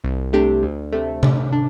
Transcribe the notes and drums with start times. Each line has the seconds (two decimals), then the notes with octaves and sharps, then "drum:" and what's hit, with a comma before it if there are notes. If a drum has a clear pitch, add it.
0.04 C2
0.33 C3 A3 D4 G4
0.63 D2
0.92 C3 A3
1.23 D3, drum: tom C3
1.52 D4